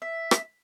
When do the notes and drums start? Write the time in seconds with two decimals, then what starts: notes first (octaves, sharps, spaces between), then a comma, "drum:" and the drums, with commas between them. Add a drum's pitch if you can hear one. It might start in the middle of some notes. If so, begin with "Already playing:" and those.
0.02 E5
0.31 drum: rim click